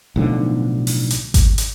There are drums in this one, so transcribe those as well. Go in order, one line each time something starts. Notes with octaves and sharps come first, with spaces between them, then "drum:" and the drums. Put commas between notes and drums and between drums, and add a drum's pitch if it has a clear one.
B1 A2 D3 F3
drum: open hi-hat
drum: hi-hat
drum: kick G#1, hi-hat
drum: hi-hat